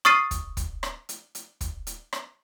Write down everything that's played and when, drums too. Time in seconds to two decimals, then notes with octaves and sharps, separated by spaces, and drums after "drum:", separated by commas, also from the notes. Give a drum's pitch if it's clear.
0.05 C#6 D#6 F6 A6 C7 D#7, drum: rim click
0.31 drum: kick, hi-hat
0.57 drum: kick, hi-hat
0.83 drum: rim click
1.09 drum: hi-hat
1.35 drum: hi-hat
1.61 drum: kick, hi-hat
1.87 drum: hi-hat
2.13 drum: rim click